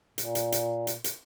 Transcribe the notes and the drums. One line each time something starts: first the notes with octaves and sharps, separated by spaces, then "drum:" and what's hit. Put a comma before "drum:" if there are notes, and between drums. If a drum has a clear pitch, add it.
A#2, drum: hi-hat
drum: hi-hat
drum: hi-hat
drum: hi-hat
drum: hi-hat